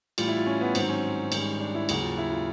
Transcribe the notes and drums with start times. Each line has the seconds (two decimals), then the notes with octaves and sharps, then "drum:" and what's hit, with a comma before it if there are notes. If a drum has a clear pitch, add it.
0.18 A2 E3 G3 F4, drum: cymbal
0.28 E4
0.37 F4
0.46 C#4
0.61 B3
0.75 G#2 D#3 F#3 C4, drum: cymbal
0.89 C#4
1.32 G#2 D#3 G3, drum: cymbal
1.60 D4
1.75 E4
1.89 D#2 C#3 F#3 F#4, drum: cymbal
2.03 F4
2.18 E4
2.32 F4